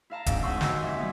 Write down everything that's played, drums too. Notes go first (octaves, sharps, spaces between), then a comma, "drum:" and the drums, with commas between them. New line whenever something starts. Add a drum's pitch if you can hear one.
E4 F5 A5 A#5
F2 G#2 D4 F#5 G5, drum: kick E1, hi-hat
G#2 C#4 F#5 C6 C#6 E6
D#2 F#4 E6, drum: snare
E5 G#5
E2 D#3 E3 G3